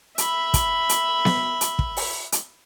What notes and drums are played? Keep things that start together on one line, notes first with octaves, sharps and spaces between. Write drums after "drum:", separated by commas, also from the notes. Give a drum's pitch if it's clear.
E5 B5, drum: hi-hat
drum: kick, hi-hat
drum: hi-hat
drum: snare B3
drum: hi-hat
drum: kick
drum: open hi-hat
drum: hi-hat